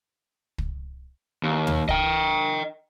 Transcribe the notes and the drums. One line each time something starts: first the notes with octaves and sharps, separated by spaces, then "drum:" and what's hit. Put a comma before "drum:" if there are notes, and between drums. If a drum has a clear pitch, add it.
drum: kick
D#2
drum: tom
D#5 G5, drum: kick